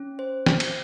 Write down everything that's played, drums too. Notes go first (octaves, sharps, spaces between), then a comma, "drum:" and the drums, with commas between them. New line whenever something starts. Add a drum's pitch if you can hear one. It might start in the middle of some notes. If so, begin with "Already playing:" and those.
Already playing: C#4
C5
G5, drum: snare
drum: cymbal